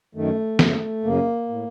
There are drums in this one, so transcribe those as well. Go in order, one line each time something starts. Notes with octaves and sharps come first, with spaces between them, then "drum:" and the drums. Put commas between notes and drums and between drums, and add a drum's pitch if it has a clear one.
F#2 D#3 A3
F#2 C#3, drum: snare
F#2 C#3 A#3
A2